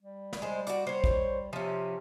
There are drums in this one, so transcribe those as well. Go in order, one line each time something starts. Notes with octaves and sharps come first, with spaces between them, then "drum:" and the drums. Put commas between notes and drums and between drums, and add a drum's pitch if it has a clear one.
G3
drum: snare
G#3 C5
F#4 D5, drum: hi-hat
C5 C#5
drum: kick
C3 F3 C#4